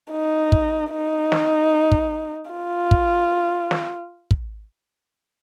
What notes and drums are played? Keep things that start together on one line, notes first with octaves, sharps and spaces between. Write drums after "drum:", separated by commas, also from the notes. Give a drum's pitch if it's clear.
D#4
drum: kick
D#4
drum: snare
drum: kick
F4
drum: kick
drum: snare
drum: kick